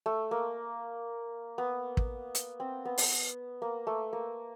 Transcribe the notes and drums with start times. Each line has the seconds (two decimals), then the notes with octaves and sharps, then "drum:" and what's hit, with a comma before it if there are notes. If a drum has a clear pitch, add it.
0.06 A3
0.31 A#3
1.58 B3
1.97 drum: kick
2.35 drum: hi-hat
2.60 C4
2.85 B3
2.98 drum: open hi-hat
3.62 A#3
3.87 A3
4.13 A#3